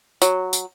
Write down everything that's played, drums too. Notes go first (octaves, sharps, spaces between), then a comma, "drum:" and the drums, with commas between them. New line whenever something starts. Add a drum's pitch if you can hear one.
F#3, drum: tambourine
drum: tambourine